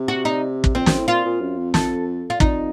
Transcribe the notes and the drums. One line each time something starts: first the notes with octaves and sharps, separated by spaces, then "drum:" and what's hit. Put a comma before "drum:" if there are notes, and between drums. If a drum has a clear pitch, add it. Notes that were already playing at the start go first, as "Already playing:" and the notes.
Already playing: C3
F#4
D#4
drum: kick
F2 C4
F#2, drum: snare
A2
A#2 F4
A#2
F#2
F2
A4, drum: snare
F4
F2 D#4, drum: kick